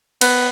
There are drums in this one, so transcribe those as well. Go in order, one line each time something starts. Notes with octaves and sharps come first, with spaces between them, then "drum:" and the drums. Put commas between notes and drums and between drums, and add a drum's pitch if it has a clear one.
B3, drum: cymbal